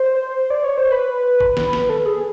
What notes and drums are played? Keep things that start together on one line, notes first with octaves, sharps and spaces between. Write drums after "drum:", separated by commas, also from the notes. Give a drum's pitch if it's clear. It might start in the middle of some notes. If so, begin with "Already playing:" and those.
Already playing: C5
D5
C#5
C5
B4
drum: kick G#1
drum: snare
drum: snare
A4
G#4